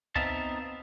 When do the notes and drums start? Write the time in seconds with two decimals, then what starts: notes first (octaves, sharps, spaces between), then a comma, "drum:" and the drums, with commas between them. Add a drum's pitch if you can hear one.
0.16 B3 C4 D#4 E5 F5 A5, drum: kick